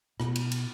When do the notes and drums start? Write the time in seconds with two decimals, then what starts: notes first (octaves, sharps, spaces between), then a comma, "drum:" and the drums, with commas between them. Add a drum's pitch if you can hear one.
0.20 B2, drum: rim click
0.36 drum: cymbal
0.52 drum: cymbal